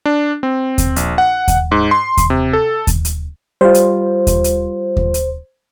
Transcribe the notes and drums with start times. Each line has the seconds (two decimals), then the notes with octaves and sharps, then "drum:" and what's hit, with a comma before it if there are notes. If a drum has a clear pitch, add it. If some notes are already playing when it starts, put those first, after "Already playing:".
0.06 D4
0.43 C4
0.78 drum: kick D#2, hi-hat
0.96 A#1, drum: hi-hat
1.18 F#5
1.48 drum: kick D#2, hi-hat
1.71 G#2
1.91 C6
2.17 drum: kick D#2, hi-hat
2.30 C3
2.53 A4
2.87 drum: kick D#2, hi-hat
3.05 drum: hi-hat
3.61 G3 F4 C5
3.74 drum: hi-hat
4.27 drum: kick D#2, hi-hat
4.44 drum: hi-hat
4.97 drum: kick D#2
5.14 drum: hi-hat